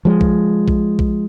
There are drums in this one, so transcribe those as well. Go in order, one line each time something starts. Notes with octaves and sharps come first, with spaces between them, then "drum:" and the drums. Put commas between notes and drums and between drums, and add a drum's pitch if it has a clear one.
F3 G#3
drum: kick A#1
drum: kick A#1
drum: kick A#1